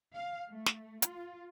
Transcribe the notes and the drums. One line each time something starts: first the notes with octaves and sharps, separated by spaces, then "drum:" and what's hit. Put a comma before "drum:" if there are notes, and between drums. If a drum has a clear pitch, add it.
F5
A3
drum: snare
F4, drum: hi-hat